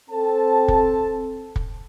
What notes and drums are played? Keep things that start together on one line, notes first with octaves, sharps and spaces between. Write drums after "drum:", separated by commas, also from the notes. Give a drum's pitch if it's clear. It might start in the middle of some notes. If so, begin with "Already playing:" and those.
C4 A4 A5
drum: kick
drum: kick